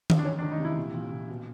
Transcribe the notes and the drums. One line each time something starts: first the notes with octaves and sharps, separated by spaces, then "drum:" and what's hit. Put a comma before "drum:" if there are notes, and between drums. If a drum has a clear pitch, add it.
drum: tom D#3
D4
D#3 C#4
D4
D#3
D#4
C3 E4
A#2
A#2
A#2
B2